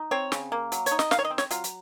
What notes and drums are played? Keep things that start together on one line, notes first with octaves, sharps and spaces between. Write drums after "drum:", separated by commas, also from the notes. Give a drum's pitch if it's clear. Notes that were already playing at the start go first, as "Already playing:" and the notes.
Already playing: D#4
C4 C#5
C#3, drum: snare
A#3
F#3, drum: hi-hat
C#5, drum: hi-hat
D#4
D#5, drum: snare
D#3 F5, drum: snare
C#5
D#5
C4
C#5, drum: snare
F#3 F4, drum: hi-hat
drum: hi-hat